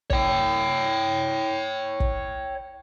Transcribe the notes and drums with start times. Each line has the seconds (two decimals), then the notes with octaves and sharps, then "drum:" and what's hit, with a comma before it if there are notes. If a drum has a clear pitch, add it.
0.10 C#5 G5, drum: kick
2.00 drum: kick